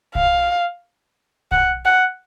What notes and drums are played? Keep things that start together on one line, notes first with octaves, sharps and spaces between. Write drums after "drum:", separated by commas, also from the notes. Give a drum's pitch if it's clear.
F5, drum: kick B1
F#5, drum: kick B1
F#5